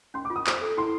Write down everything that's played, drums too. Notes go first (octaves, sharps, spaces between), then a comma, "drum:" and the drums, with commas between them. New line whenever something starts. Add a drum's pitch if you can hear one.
C#4 C6
D6
F4
D#6
C5 D#6, drum: clap
A4
E4 C6